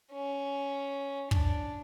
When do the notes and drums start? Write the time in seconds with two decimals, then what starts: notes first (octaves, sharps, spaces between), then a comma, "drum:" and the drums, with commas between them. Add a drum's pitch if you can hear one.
0.12 C#4
1.31 D4, drum: kick